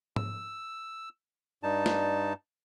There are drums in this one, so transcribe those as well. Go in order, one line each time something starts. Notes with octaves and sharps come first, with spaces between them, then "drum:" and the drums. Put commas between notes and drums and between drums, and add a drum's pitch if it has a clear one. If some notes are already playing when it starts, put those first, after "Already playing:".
E6, drum: tom G#2
G2 D#4 D5 A5
drum: snare